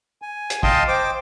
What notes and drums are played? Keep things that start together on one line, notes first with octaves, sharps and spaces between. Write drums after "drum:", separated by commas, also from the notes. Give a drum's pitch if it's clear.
G#5
drum: hi-hat
D#5 F5 G5 A5 C6 D#6, drum: kick
C5 G5 D6